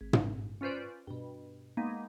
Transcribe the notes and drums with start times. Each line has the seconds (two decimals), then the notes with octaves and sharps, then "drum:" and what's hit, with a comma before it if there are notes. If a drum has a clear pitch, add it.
0.01 G#1
0.13 drum: tom
0.61 C#4 F4 B4 C5 D5
1.07 G2 B2
1.77 G#3 A#3 B3 D#4